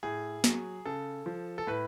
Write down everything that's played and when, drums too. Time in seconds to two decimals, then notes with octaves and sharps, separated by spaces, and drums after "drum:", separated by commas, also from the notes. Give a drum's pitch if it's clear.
0.03 A2 G#4
0.44 F#3, drum: snare
0.85 C#3 A4
1.26 F3
1.58 A4
1.67 A2 B4